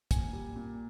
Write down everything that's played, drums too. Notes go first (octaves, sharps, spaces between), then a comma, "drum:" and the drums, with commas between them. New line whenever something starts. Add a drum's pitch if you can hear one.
A#2 G#5, drum: kick, hi-hat
G3
A#2